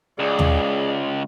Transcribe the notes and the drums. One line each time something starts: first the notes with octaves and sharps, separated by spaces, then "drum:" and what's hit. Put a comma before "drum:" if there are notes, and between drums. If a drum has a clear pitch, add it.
C#2 G#4 D5
drum: tom D#2